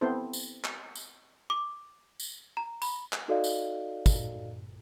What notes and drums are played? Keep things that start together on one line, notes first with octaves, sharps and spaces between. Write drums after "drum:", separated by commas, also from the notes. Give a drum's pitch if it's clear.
B3 C4 E4 A4 C5
drum: tambourine
drum: clap
drum: tambourine
D6
drum: tambourine
A#5
B5, drum: tambourine
drum: clap
D#4 F#4 A4 D5 D#5 F5
drum: tambourine
drum: kick, tambourine